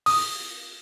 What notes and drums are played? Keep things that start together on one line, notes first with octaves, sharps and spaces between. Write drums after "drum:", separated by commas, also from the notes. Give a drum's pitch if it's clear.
D#6, drum: open hi-hat